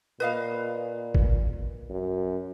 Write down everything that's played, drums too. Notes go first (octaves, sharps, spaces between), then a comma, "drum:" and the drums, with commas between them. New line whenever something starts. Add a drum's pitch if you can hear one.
A#2 B4 D#5 F5
drum: kick G#1
F#2